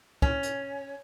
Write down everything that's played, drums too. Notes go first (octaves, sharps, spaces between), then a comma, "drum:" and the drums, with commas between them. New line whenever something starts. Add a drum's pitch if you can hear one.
C#4, drum: kick
drum: hi-hat